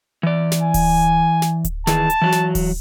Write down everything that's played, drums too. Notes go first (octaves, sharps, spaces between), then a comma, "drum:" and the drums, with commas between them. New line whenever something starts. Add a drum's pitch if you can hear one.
E3 D5
drum: snare
G#5
drum: kick D1, open hi-hat
drum: snare
drum: kick D1, hi-hat
D#3 E3 G#4 A5, drum: snare
drum: hi-hat
E3 F#3 F#4
drum: snare
drum: kick D1, open hi-hat